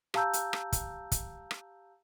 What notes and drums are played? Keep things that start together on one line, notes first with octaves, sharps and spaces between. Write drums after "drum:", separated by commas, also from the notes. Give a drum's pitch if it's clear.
G4 F5 A5 A#5 E6 G6, drum: rim click
drum: hi-hat
drum: rim click
drum: kick, hi-hat
drum: kick, hi-hat
drum: rim click